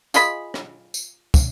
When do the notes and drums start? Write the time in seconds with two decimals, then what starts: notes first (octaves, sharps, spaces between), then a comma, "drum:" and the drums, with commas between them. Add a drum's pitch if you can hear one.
0.14 F4 G#4 D#5 B5, drum: tambourine
0.54 drum: rim click
0.94 drum: tambourine
1.34 drum: kick, tambourine